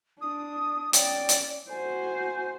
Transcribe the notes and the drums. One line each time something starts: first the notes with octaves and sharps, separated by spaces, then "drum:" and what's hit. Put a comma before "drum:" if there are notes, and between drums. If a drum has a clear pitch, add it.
D4 D#6
C#4 D5 G5, drum: hi-hat
drum: hi-hat
F#4 C5 G#5